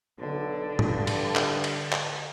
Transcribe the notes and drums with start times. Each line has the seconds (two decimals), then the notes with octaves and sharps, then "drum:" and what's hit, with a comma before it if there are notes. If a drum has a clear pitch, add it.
0.19 B1 D3
0.79 G2, drum: tom G#2
1.07 drum: cymbal
1.36 drum: clap
1.64 drum: cymbal
1.92 drum: clap